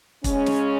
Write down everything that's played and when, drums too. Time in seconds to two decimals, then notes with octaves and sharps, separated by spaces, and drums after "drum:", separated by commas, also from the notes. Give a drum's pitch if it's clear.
0.24 C#3 G#3 C#4, drum: kick, hi-hat
0.46 drum: snare